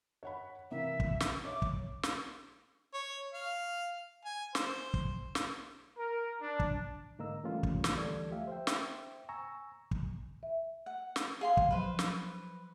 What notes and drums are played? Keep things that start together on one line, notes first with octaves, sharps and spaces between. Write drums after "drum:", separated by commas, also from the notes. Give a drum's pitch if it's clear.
C#5 F#5 B5
C3 E3 A#3 E5
drum: kick
drum: snare
C#5 E5 D6
drum: kick
drum: snare
C#5
F5
G#5
C5, drum: snare
drum: kick
drum: snare
A#4
D4
drum: kick
G#2 D3 A#3 D#5 A#5 E6
E3 G3 A3 A#3 C#4 F4
drum: kick
drum: snare
D2 E3 G3 A4 D5 G#6
F3 A3 G4 E5 F5
C5 E5 G5
drum: snare
G#5 A#5 C#6 E6
drum: kick
E5
F#5
drum: snare
G#4 F5 C6
drum: kick
F3 F#3 B4 C5
drum: snare